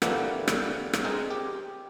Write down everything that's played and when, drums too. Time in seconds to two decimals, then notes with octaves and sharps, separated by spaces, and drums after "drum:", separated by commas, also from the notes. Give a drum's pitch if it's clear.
0.02 A#2 D3 E3 G3 A#3 B3, drum: rim click
0.48 drum: rim click
0.93 drum: rim click
1.04 G#3 C4 G#4 A#4 G#5
1.31 G4